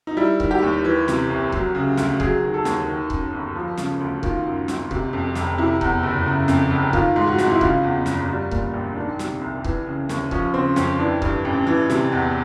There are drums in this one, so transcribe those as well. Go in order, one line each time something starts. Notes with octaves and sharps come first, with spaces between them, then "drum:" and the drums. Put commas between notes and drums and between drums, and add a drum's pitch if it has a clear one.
D#4
G3 E4
D#3, drum: kick C#1
G4
D#2
E3
C3, drum: snare
C2
F#3, drum: kick C#1
C#3
D2, drum: snare
F#3 G#4, drum: kick C#1
D#3
A4
D#2, drum: snare
D#3
F#2, drum: kick C#1
G1
F3
C#3, drum: snare
D2
D#3 F4, drum: kick C#1
F#2
G#1, drum: snare
C3, drum: kick C#1
F2
F1, drum: snare
C3 E4
E2, drum: kick C#1
F#1
C#3
F2, drum: snare
F1
D#3 F4, drum: kick C#1
G#2
F#4
G#1, drum: snare
E4
C#3 F4, drum: kick C#1
E2
F#1, drum: snare
G3
A#2, drum: kick C#1
A#1
D#3 D4
C3, drum: snare
C2
E3, drum: kick C#1
C#3
D#2, drum: snare
F3 C#4, drum: kick C#1
C#3 C4
F2 C#4, drum: snare
E3 D4
G2, drum: kick C#1
A1
E3
C3, drum: snare
E2